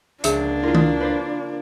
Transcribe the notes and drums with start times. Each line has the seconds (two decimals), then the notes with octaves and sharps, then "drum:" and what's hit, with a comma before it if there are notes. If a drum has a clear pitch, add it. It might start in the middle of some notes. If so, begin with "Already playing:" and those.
0.24 C#2 A#3 D4 G#4 E5, drum: hi-hat
0.64 E4 F4 A#4
0.74 drum: tom D#3
1.00 B4 C5 D5